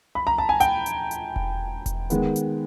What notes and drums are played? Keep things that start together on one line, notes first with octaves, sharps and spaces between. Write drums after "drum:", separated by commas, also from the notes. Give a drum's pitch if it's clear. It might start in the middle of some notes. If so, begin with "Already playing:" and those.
B5
A#5
A5
G#5
G5, drum: hi-hat
drum: hi-hat
drum: hi-hat
drum: kick E1
drum: kick E1, hi-hat
D#3 G#3 B3, drum: hi-hat
drum: hi-hat